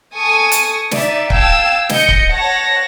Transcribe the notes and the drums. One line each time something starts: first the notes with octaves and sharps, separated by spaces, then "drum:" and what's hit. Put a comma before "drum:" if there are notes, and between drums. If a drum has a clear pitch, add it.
A4 G#5 A5 C#6 D#6
drum: hi-hat
D#4 D5 E5, drum: snare
F5 G5 A5 E6 G#6, drum: kick C#1
D#5 G6 C#7, drum: snare
drum: kick C#1
C#5 F#5 A5 A#6